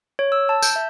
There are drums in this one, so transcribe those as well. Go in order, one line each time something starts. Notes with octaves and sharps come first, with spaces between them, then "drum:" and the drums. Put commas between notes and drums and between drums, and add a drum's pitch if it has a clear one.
C#5
E6
A5
G6, drum: tambourine
E5